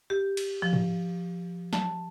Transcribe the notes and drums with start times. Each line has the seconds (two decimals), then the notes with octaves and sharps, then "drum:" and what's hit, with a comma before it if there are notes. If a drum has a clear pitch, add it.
0.10 G4
0.37 drum: cymbal
0.62 F3
0.73 drum: tom G#2
1.73 A5, drum: snare